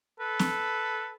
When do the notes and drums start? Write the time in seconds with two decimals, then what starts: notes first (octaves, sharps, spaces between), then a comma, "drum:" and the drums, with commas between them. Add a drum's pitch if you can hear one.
0.20 A4 B4
0.39 drum: snare C4